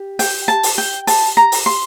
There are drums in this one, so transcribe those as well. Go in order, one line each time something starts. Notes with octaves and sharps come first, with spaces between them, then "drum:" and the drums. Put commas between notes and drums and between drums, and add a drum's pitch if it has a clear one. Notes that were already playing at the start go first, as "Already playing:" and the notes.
Already playing: G4
G5, drum: open hi-hat
A5
drum: open hi-hat
G5
A5, drum: open hi-hat
A#5
drum: open hi-hat
C6